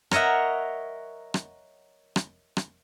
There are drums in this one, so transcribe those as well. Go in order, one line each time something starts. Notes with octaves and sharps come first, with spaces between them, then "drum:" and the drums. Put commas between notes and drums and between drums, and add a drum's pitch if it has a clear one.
A#4 C#5 D#5 E5 F#5, drum: rim click
drum: rim click
drum: rim click
drum: rim click